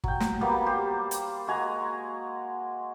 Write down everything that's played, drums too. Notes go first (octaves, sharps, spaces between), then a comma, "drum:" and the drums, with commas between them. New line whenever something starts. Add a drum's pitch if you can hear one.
F#3 G5, drum: kick
drum: snare
F#3 G3 A#3 B3
G4 C5
drum: hi-hat
G#3 F#4 G#5 A#5